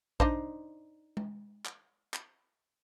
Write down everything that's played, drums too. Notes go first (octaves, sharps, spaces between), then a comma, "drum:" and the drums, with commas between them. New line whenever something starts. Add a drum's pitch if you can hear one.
D4 D#4 C5, drum: kick A#1
drum: tom G#3
drum: clap
drum: clap